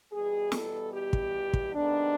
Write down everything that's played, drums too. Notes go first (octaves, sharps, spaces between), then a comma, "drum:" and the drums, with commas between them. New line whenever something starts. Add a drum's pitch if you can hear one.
E2 B2 G3 G#4
A4, drum: snare
G4
drum: kick
drum: kick
C3 D#3 G#3 B3 D4